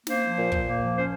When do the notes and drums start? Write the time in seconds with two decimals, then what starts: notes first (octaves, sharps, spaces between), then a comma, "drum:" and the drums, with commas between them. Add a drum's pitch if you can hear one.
0.07 A#3 C5, drum: snare
0.21 F3
0.37 A#2
0.52 A#2, drum: kick
0.66 A#3
0.81 F3
0.95 C#4 C5